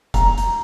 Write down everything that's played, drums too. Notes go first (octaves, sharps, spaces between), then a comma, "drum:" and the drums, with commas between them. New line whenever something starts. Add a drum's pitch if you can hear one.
A#5, drum: kick F1, hi-hat
drum: hi-hat